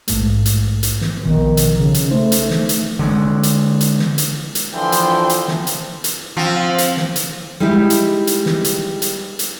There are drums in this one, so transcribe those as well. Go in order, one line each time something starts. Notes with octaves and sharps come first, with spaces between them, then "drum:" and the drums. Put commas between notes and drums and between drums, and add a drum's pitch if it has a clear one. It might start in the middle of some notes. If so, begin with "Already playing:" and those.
A#1 G#2 A3, drum: hi-hat
drum: hi-hat
drum: hi-hat
drum: snare
A#1 B2 D#3 F3
drum: hi-hat
C#3
drum: hi-hat
A3 D#4 C5
drum: hi-hat
drum: snare
drum: hi-hat
D3 G#3
drum: hi-hat
drum: hi-hat
drum: snare
drum: hi-hat
drum: hi-hat
D3 E3 F3 G5 C6
drum: hi-hat
drum: hi-hat
drum: snare
drum: hi-hat
drum: hi-hat
F3 C4
drum: hi-hat
drum: snare
drum: hi-hat
G3 G#3 D#4 E4 G4
drum: hi-hat
drum: hi-hat
drum: snare
drum: hi-hat
drum: hi-hat
drum: hi-hat